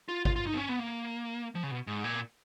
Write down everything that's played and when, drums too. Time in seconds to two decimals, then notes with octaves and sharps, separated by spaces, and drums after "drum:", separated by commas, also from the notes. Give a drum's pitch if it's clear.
0.09 F4
0.25 F4, drum: kick G#1
0.36 F4
0.47 D#4
0.54 B3
0.58 C#4
0.69 B3
0.79 A#3
1.55 F3
1.63 C#3
1.71 B2
1.87 G#2
2.04 A#2